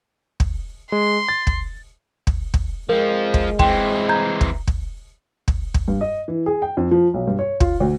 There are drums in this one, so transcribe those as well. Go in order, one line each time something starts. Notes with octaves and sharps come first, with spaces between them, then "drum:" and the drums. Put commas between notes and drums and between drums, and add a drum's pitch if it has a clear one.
drum: kick
G#3 C6
A6
drum: kick
drum: kick
drum: kick
F3 G#3 C4 A#4
drum: kick
E3 C4 G5 C6, drum: kick
A#5 G6 G#6
drum: kick
drum: kick
drum: kick
drum: kick
G2
D#5
E3
G#4
G5
F2
F3
B1
G2
C#5
F4, drum: kick
D2